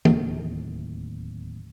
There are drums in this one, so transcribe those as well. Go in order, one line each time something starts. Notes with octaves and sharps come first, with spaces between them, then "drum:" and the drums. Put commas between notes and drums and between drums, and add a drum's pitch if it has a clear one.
D1 D#2 A2 C3, drum: tom